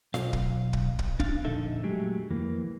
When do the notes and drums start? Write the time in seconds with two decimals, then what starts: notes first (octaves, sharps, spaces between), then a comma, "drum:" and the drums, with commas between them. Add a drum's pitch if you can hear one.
0.14 B1 F5, drum: snare F4
0.33 drum: kick
0.73 drum: kick
0.99 drum: kick
1.20 D4 F5, drum: kick
1.45 F2 A#2 D3 D#4 A4 E5
1.83 F#3 G#3 A3 G4 G#4
2.30 F2 E3 A#3